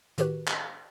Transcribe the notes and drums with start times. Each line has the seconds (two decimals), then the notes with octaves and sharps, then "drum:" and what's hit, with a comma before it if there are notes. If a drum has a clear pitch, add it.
0.18 A2 D#3 F#4 G4 B4, drum: hi-hat
0.48 drum: clap